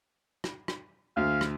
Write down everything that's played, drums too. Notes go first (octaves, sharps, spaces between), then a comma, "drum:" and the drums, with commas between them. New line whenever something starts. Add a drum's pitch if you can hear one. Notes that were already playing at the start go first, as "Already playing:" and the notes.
drum: rim click
drum: rim click
D2 F5
drum: rim click